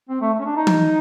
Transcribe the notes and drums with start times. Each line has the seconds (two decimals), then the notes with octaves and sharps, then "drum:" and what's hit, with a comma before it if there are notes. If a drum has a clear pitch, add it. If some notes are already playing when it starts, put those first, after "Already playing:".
0.09 C4
0.21 A3
0.34 A3
0.39 C#4
0.45 D4
0.56 D#4
0.67 drum: tom E3